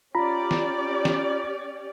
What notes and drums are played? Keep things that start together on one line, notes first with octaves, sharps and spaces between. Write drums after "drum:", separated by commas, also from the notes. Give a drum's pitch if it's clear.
C#4 F4 G4 D5 A#5 B5
drum: snare
drum: snare